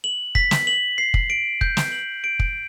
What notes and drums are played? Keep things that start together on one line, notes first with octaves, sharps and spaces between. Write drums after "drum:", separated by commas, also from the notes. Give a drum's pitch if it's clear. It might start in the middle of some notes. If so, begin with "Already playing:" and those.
F#7
B6, drum: kick
drum: snare
F#7
C7
drum: kick
D7
G6, drum: kick
drum: snare
F#7
D7
drum: kick